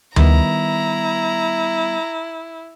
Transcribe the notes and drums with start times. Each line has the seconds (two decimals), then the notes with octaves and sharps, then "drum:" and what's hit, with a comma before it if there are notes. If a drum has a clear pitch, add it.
0.16 D#3 G3 B3 E4 A#5, drum: tom D2